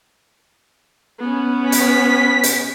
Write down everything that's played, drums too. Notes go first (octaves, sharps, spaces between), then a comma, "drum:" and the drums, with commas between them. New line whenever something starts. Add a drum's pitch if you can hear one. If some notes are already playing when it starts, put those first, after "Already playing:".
B3 C#4
B6, drum: hi-hat
drum: hi-hat